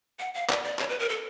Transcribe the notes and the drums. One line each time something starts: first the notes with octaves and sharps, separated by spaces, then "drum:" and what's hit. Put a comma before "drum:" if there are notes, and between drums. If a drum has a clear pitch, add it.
F#5
F5
D5, drum: clap
D5
C#5, drum: clap
B4
A#4
A4